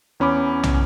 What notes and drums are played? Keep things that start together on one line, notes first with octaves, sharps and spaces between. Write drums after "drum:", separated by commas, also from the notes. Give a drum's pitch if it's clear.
E2 C#4 B5 D6
drum: tom